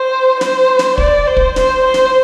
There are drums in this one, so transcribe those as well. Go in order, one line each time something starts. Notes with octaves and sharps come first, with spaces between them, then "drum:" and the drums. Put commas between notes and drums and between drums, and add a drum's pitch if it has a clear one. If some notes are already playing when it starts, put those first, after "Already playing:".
Already playing: C5
C5, drum: snare
drum: snare
D5, drum: kick
C5
drum: kick
C5, drum: snare
C5
drum: snare